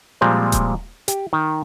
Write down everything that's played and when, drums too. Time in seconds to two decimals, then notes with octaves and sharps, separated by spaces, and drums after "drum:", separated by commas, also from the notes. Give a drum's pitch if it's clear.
0.21 A#2 F3 G3 G#3 C4
0.52 drum: kick D#1, hi-hat
1.08 G4, drum: hi-hat
1.33 D#3